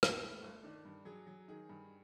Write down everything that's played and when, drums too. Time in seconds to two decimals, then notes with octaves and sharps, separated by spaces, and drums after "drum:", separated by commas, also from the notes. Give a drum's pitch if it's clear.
0.03 drum: rim click
0.15 A#3
0.21 G2 A3
0.42 G1
0.63 D#3 D4
0.85 G2
1.05 F#3 G#4
1.27 F#3
1.48 D#3 G#4
1.69 G2